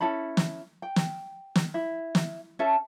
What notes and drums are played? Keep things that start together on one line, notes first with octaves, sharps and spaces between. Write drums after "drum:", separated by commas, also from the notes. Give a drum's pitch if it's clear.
C#4 E4 A4 B5
drum: snare
G5
drum: snare
drum: snare
E4
drum: snare
C#4 A4 E5 A5